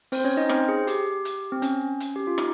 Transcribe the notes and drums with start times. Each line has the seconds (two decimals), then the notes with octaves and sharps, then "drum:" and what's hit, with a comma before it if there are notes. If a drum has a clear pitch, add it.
0.12 C4 C5, drum: open hi-hat
0.24 C#4 C#5
0.37 D#4 D#5
0.49 C4 C5, drum: rim click
0.68 G#4
0.87 G4, drum: hi-hat
1.25 drum: hi-hat
1.52 C4
1.62 C#4, drum: hi-hat
2.00 drum: hi-hat
2.16 G4
2.27 F4
2.38 D#4, drum: rim click